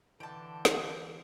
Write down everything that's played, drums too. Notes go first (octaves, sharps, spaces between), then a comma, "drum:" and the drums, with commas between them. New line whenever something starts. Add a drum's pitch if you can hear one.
D3 E3 G5 A5 G6
drum: snare